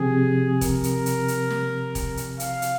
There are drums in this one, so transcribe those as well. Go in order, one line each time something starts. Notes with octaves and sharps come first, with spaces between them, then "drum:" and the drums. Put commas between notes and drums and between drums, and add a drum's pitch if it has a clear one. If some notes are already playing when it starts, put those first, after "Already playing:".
Already playing: C3 F3 C4 G4 G#4
A#4, drum: kick E1, hi-hat
drum: hi-hat
drum: hi-hat
drum: hi-hat
drum: snare
drum: kick E1, hi-hat
drum: hi-hat
F5, drum: hi-hat
drum: hi-hat